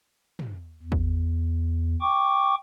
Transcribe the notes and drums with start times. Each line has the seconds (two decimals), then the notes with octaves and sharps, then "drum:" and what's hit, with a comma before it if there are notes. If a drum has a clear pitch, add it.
0.39 drum: tom
0.83 E2
0.92 drum: kick
2.01 G5 C#6 D6